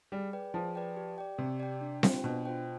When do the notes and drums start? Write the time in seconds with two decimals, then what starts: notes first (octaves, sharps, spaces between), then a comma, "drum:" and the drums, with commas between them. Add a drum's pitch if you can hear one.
0.12 G3 G#4
0.33 B4 D5 G5
0.54 F3 G#4
0.75 B4 D5 G5
0.97 G4
1.18 D5 G5
1.38 C3 G4
1.60 D5 G5
1.81 D4
2.03 F4 C5 G5, drum: snare C4
2.24 B2 D4
2.45 F4 C5 G5